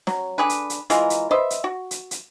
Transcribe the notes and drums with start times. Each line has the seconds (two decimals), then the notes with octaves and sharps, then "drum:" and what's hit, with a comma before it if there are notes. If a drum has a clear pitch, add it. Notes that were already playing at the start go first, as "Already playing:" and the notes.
0.07 F#3, drum: snare
0.38 D3 G4 G#4 B4
0.50 drum: hi-hat
0.70 drum: hi-hat
0.90 E3 G#3 F4 A#4, drum: hi-hat
1.10 drum: hi-hat
1.31 B4 C5 D#5 E5
1.50 drum: hi-hat
1.64 F#4
1.91 drum: hi-hat
2.11 drum: hi-hat